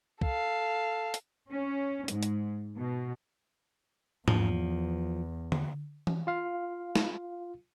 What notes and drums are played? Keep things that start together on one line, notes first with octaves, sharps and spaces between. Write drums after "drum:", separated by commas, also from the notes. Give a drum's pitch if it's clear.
A4 F5, drum: kick
drum: hi-hat
C#4
G#2, drum: hi-hat
drum: hi-hat
B2
E2 F3, drum: tom G#2
drum: tom D3
drum: tom E3
F4 F5
drum: snare